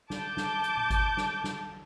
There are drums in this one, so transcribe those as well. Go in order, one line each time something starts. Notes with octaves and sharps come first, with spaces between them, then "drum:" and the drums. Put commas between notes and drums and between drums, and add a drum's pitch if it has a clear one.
A5 D6 G6, drum: snare
drum: snare
drum: hi-hat
drum: tom A#2
drum: kick G1, hi-hat
drum: snare
drum: snare